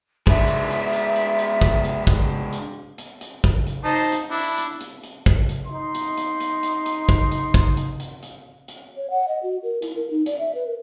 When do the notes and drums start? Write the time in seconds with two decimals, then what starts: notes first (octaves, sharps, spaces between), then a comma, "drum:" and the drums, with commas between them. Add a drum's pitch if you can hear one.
0.27 G#3 D4 E5, drum: kick
0.47 drum: hi-hat
0.70 drum: hi-hat
0.93 drum: hi-hat
1.16 drum: hi-hat
1.39 drum: hi-hat
1.61 drum: kick, hi-hat
1.84 drum: hi-hat
2.07 drum: kick, hi-hat
2.53 drum: hi-hat
2.98 drum: hi-hat
3.21 drum: hi-hat
3.44 drum: kick, hi-hat
3.67 drum: hi-hat
3.85 D#4 C5 A5
4.12 drum: hi-hat
4.31 D4 E4
4.58 drum: hi-hat
4.81 drum: hi-hat
5.03 drum: hi-hat
5.26 drum: kick, hi-hat
5.49 drum: hi-hat
5.68 D#4 C6
5.95 drum: hi-hat
6.17 drum: hi-hat
6.40 drum: hi-hat
6.63 drum: hi-hat
6.86 drum: hi-hat
7.09 drum: kick, hi-hat
7.31 drum: hi-hat
7.54 drum: kick, hi-hat
7.77 drum: hi-hat
8.00 drum: hi-hat
8.23 drum: hi-hat
8.68 drum: hi-hat
8.97 C#5
9.10 F#5
9.28 D#5
9.43 F#4
9.63 A#4
9.82 E4, drum: hi-hat
9.95 A#4
10.11 D#4
10.26 D5, drum: hi-hat
10.39 E5
10.55 B4
10.67 A#4